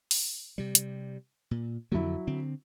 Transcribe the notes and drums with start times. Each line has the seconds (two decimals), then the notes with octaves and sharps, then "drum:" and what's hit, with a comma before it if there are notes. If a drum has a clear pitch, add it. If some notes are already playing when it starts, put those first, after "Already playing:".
0.11 drum: open hi-hat
0.58 C3 G3
0.75 drum: hi-hat
1.51 A#2
1.92 F2 D3 F#3 E4
2.27 D3 C4